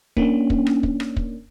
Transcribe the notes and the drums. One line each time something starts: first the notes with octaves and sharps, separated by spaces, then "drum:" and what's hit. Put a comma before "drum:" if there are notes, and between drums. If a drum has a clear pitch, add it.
A#3 C#4 D4, drum: kick
drum: kick
drum: rim click
drum: kick
drum: rim click
drum: kick